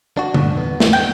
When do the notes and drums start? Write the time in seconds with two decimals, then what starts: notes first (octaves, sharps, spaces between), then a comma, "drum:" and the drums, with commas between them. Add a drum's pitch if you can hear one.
0.17 D4 F#4
0.34 G2 A#2 D3, drum: tom C#3
0.54 E2 B3
0.80 drum: snare
0.93 G5